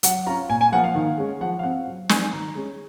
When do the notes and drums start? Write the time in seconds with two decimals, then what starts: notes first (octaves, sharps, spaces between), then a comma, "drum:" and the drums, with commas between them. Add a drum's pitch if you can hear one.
0.03 F#3 F#5, drum: hi-hat
0.26 C#4 F4 A#5
0.49 A#2 G#5
0.61 G#5
0.72 F3 A#3 F4 F#5
0.84 F5
0.95 D#3
1.18 G#3 C#4
1.41 F3 F#5
1.59 F5
1.63 C4 F4 F#5
1.87 F#3
2.09 C4 D#4 G#5, drum: snare
2.33 D#3 A#5
2.55 G#3 C#4